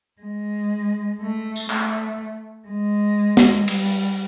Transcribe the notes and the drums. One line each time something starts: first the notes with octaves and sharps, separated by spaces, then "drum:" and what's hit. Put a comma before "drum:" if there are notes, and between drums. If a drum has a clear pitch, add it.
G#3
A3
drum: tambourine
A3, drum: clap
G#3
drum: snare
G3, drum: cymbal
drum: open hi-hat